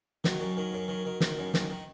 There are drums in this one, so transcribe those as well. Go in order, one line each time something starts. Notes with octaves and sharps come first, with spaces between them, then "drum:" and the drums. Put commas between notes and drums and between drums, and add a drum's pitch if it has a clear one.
D#3 F#3, drum: snare
F#2
D#3
F#2
D#3
D#3
D#3, drum: snare
F#2
D#3, drum: snare
D#3